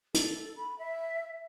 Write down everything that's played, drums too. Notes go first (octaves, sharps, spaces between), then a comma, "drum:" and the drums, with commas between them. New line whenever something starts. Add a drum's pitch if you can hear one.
A4, drum: hi-hat
B5
E5